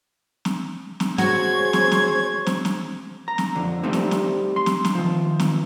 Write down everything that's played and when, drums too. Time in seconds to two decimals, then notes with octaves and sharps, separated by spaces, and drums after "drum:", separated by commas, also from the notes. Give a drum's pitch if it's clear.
0.45 drum: snare
1.00 drum: snare
1.18 F#4 G#4 C5 C#5 C#6 G#6, drum: snare
1.73 drum: snare
1.92 drum: snare
2.46 drum: snare
2.65 drum: snare
3.28 A#5
3.38 drum: snare
3.55 F2 D3
3.83 G3 A3 C4 D#4
3.93 drum: snare
4.11 drum: snare
4.56 C6
4.66 drum: snare
4.85 drum: snare
4.95 D#3 F3
5.40 drum: snare